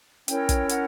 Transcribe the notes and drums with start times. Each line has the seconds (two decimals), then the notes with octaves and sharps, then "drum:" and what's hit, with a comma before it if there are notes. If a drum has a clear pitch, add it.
0.28 C#4 E4 A#4 C#5 G5, drum: hi-hat
0.49 drum: kick, hi-hat
0.69 F#5, drum: hi-hat